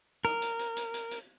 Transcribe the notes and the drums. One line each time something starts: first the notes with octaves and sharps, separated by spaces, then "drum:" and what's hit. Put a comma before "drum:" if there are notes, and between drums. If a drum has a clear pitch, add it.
A#4, drum: rim click
drum: hi-hat
drum: hi-hat
drum: hi-hat
drum: hi-hat
drum: hi-hat